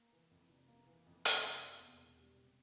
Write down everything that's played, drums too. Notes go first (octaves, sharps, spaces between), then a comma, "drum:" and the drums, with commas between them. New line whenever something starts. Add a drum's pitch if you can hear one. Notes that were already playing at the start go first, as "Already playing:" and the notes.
Already playing: A#3
E3
F2
F1
A#3
E3
F2
F1, drum: hi-hat
A#3
C3
E2
E1
G3
C3